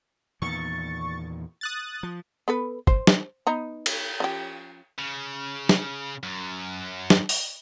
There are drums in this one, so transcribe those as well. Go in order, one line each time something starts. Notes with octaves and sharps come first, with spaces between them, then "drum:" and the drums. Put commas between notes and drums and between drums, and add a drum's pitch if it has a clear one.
E2 A#2 D#3 C#6 A6
D#6 F#6 A6
F3
B3 A4 B4
C5, drum: kick
drum: snare
B3 D#4 A#5
drum: cymbal
F3 C#4 G4
C#3
drum: snare
F#2
drum: snare
drum: open hi-hat